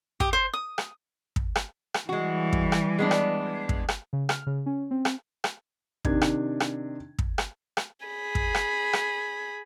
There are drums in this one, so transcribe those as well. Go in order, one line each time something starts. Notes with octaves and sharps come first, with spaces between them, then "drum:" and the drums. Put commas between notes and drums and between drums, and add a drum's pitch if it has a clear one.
G4 D#6, drum: kick
C5
D#6
drum: rim click
drum: kick
drum: rim click
drum: rim click
E3 G3 G#3 F#4
drum: kick
drum: rim click
G#3 B3 D4
drum: rim click
drum: kick
drum: rim click
C#3
F6, drum: rim click
C#3
C#4
C4
drum: rim click
drum: rim click
C3 D#3 D4 G#6, drum: kick
drum: rim click
drum: rim click
drum: kick
drum: rim click
drum: rim click
G#4 B5
drum: kick
drum: rim click
drum: rim click